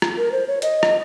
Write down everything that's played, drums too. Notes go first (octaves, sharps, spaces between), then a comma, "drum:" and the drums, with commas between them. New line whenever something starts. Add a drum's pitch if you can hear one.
drum: rim click
A#4
C5
C#5
D#5, drum: hi-hat
drum: rim click